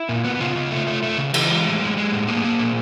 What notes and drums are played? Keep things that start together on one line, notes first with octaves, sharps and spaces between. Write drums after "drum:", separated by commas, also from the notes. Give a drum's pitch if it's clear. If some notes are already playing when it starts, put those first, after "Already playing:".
Already playing: E4
A#2
B3
C#3 F4
C#3
A3
A3
A3
C#3
E3 G4, drum: cymbal
G#3
A2
G#3
G#3
A2
A#3 G#4
A#3
A#2